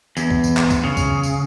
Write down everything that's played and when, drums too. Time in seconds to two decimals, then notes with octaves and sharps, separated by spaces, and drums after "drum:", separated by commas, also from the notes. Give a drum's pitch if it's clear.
0.17 E2, drum: tambourine
0.30 drum: kick
0.44 drum: tambourine
0.57 drum: clap
0.70 drum: kick, tambourine
0.84 C#3
0.97 drum: kick, tambourine
1.23 drum: tambourine